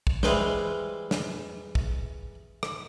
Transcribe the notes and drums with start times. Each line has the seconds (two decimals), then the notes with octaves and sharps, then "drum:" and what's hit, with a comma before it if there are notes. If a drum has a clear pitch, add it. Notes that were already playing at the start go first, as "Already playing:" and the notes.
0.07 drum: kick
0.23 E3 G3 G#3 B4 C5, drum: snare
1.11 drum: snare
1.75 drum: kick
2.63 drum: rim click